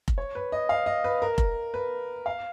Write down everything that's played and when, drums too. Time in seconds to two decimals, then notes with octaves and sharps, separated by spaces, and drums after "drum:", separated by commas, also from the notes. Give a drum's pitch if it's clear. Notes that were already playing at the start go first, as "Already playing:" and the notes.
0.08 drum: kick F1
0.18 C#5
0.35 B4
0.52 D#5
0.69 F5
0.86 D#5
1.04 B4
1.22 A#4
1.38 drum: kick F1
1.74 B4
2.26 F5